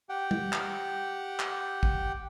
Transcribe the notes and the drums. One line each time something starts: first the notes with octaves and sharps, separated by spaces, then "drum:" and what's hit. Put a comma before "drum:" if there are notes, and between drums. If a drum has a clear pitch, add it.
G4 F#5 G5
drum: tom
drum: clap
drum: clap
drum: kick